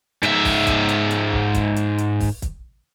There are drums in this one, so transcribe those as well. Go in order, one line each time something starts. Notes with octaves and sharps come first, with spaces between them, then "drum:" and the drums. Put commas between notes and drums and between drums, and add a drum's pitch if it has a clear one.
G#2 E5, drum: hi-hat
drum: kick, open hi-hat
drum: kick, hi-hat
drum: hi-hat
drum: hi-hat
drum: kick
drum: kick, hi-hat
drum: hi-hat
drum: hi-hat
drum: kick, open hi-hat
drum: kick, hi-hat